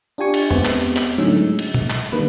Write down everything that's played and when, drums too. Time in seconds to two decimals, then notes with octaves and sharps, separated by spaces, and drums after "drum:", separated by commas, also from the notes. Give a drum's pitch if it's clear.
0.18 D4 F4 G4 G#5 C#6
0.34 drum: cymbal
0.51 G#3 B3 C4 G4, drum: tom E2
0.65 drum: clap
0.96 drum: clap
1.18 A2 D3 F#3 C#4 D#4 E6
1.36 G#3
1.59 drum: cymbal
1.74 drum: tom A#2
1.90 drum: clap
2.12 D3 D#3 G3 A#3 B4